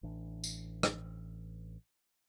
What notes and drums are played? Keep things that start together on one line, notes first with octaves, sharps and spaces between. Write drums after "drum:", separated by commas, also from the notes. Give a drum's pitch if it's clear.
A1 E3 D4
drum: tambourine
drum: rim click